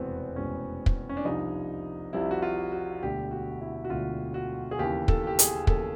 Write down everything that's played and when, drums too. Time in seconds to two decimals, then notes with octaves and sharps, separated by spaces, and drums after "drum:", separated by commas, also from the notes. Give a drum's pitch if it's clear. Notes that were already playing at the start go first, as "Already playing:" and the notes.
Already playing: F1 E2 B2 G#3 B3 C4
0.36 F1 E2 B2 G#3 C#4
0.86 drum: kick
1.09 C#4
1.17 D4
1.24 C2 C3 F3 D#4
2.13 C2 C3 F3 E4
2.31 F#4
2.42 F4
2.72 F#4
3.02 E1 D2 D3 G4
3.31 F#4
3.61 E4
3.85 F#4
3.90 E1 D2 D3 F4
4.34 F#4
4.71 G#4
4.79 D#2 C#3 E3 G4
5.08 A4, drum: kick
5.27 G4
5.39 G#4, drum: hi-hat
5.67 D#2 C#3 E3 A4, drum: kick